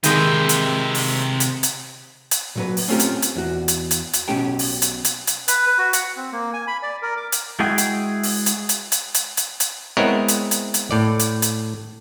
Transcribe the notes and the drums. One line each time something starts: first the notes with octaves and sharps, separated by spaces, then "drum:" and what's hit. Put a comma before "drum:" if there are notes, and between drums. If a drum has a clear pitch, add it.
C3 D#3 G#3 G4 B4, drum: hi-hat
drum: hi-hat
drum: open hi-hat
drum: hi-hat
drum: hi-hat
drum: hi-hat
A#2 F#3 B4
drum: open hi-hat
A3 C4 C#4 F4 G4 A#4
drum: hi-hat
drum: hi-hat
E2 F#4
drum: hi-hat
drum: hi-hat
drum: hi-hat
B1 B2 C#4 G4 G5 A5
drum: open hi-hat
drum: hi-hat
drum: hi-hat
drum: hi-hat
B4, drum: hi-hat
B4
F#4
F#5, drum: hi-hat
C4
A#3
G#5
B5
D5
A#4
D6
drum: hi-hat
G#3 E4 F#4 G#4 G5 G#5
drum: hi-hat
drum: open hi-hat
drum: hi-hat
drum: hi-hat
drum: hi-hat
drum: hi-hat
drum: hi-hat
drum: hi-hat
G#3 B3 C4 E4 A#4 C#5
drum: hi-hat
drum: hi-hat
drum: hi-hat
A2 D5
drum: hi-hat
drum: hi-hat